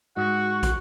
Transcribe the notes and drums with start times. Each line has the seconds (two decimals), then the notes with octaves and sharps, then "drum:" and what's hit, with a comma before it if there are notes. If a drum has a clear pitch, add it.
0.17 G#2 F#4 F#5 C#6
0.63 drum: kick, hi-hat